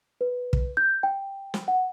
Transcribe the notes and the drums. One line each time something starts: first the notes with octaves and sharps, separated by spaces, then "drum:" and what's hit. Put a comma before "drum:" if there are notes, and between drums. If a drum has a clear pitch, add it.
B4
drum: kick
G6
G5
drum: snare
F#5